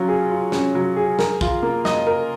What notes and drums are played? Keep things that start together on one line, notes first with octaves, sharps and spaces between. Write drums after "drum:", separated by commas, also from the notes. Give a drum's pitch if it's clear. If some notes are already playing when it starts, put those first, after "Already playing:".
Already playing: F#3 C#4 F4
G#4
F4
C#4, drum: snare
F#3
G#4
A#4, drum: snare
F4, drum: kick
A#3
D#5, drum: snare
A#4